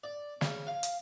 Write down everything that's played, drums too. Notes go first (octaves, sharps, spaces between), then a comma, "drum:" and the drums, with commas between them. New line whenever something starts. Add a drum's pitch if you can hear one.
D5
C#3, drum: snare
F5
drum: hi-hat